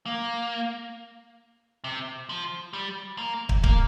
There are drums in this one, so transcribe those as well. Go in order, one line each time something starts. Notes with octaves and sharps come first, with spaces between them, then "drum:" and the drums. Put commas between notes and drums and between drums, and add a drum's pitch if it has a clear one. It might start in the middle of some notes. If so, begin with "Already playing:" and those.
A#3
C3
F3
G3
A#3
drum: kick
A#3, drum: kick